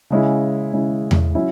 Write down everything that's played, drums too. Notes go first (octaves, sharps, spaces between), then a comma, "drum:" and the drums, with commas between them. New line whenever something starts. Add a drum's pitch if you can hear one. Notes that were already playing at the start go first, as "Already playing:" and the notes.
C#3 G#3 C#4 E4
C#3 G#3 C#4 E4
drum: tom E2
F#3 C#4 E4